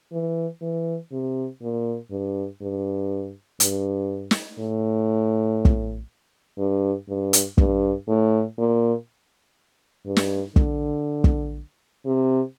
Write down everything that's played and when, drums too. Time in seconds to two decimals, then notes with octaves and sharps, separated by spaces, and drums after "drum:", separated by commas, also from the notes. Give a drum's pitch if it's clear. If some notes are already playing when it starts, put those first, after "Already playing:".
0.12 E3
0.61 E3
1.12 C3
1.62 A#2
2.11 G2
2.61 G2
3.60 G2, drum: hi-hat
4.31 drum: snare
4.59 A2
5.65 drum: kick
6.58 G2
7.09 G2
7.33 drum: hi-hat
7.58 G2, drum: kick
8.08 A2
8.58 A#2
10.06 G2
10.16 drum: snare
10.56 D3, drum: kick
11.24 drum: kick
12.05 C3